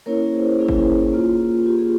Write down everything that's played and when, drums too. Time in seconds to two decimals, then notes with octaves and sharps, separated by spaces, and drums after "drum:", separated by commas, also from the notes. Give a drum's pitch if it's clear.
0.06 A#3 C#4 E4 A#4 C#5
0.33 G#4 C5
0.59 A#3 C#4 E4 G#4
0.69 drum: kick
1.13 A#3 F4
1.66 A#3 F4 G4
1.79 G#4